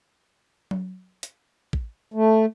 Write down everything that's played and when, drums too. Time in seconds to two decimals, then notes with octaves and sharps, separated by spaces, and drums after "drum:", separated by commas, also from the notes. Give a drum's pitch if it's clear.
0.71 drum: tom F#3
1.23 drum: hi-hat
1.73 drum: kick
2.14 A3